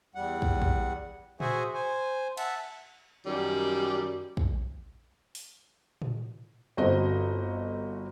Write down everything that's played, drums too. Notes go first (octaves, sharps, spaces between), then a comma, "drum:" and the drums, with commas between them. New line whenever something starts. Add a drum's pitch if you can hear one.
E2 G3 F#5
drum: kick
drum: kick
F#4 G#4 C5 E5 F#5 G#5, drum: tom A2
C5 G#5
E5 F#5 A5, drum: cymbal
F#2 D#3 G3
drum: kick
drum: open hi-hat
drum: tom A2
G1 C4 F#4 D#5